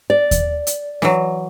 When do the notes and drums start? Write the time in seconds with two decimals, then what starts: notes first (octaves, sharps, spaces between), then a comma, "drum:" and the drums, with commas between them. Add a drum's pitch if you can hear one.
0.10 D5
0.31 drum: kick D#2, hi-hat
0.67 drum: hi-hat
1.02 E3 F#3, drum: snare